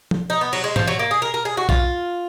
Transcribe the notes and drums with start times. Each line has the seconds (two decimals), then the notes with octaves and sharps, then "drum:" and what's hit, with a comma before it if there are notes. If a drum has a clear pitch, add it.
0.11 drum: tom F3
0.30 D#4
0.41 B3
0.53 F#3, drum: cymbal
0.64 G#3
0.76 F3, drum: tom
0.87 F#3
0.99 A#3
1.11 G#4
1.22 A#4
1.34 A#4
1.45 G#4
1.57 F#4
1.69 F4, drum: kick